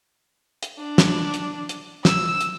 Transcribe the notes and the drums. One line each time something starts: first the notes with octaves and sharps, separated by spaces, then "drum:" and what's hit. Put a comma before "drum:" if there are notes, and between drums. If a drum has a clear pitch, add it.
drum: hi-hat
D4
drum: snare
drum: hi-hat
drum: hi-hat
E6, drum: snare
drum: hi-hat